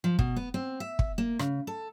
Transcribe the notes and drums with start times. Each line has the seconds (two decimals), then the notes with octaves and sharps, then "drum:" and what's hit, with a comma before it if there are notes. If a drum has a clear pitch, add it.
0.04 F3
0.19 B2, drum: kick
0.36 B3
0.54 C4
0.80 E5
0.99 drum: kick
1.18 A#3
1.39 C#3, drum: rim click
1.67 A4